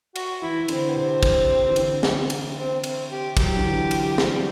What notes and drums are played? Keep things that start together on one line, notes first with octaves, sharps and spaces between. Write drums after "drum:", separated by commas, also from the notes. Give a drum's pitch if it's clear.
F#4, drum: cymbal
E3 E4
E3
D3 C4, drum: cymbal
B3
C3 C4
drum: kick, cymbal
E3
D3, drum: cymbal
drum: snare
drum: cymbal
C4
C4, drum: cymbal
G4
F#3 G4, drum: kick, cymbal
E3
D3
E3
drum: cymbal
G3, drum: snare